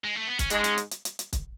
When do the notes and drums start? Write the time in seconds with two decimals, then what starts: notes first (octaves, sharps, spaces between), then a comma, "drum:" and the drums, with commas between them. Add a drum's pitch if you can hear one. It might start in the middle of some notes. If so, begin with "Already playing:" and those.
0.04 G#3
0.16 A3
0.28 B3
0.39 C#4, drum: kick, hi-hat
0.50 G#2 G#3 D4, drum: hi-hat
0.64 C#4, drum: hi-hat
0.78 drum: hi-hat
0.91 drum: hi-hat
1.05 drum: hi-hat
1.19 drum: hi-hat
1.33 drum: kick, hi-hat